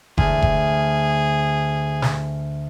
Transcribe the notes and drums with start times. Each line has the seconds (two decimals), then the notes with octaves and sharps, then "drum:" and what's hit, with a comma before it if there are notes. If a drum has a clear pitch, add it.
0.18 D2 G#4, drum: kick F#1
0.42 drum: kick F#1
2.02 drum: snare